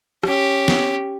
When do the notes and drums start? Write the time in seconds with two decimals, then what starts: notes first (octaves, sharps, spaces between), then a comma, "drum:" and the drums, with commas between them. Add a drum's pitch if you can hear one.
0.23 C#4 G4, drum: rim click
0.68 drum: snare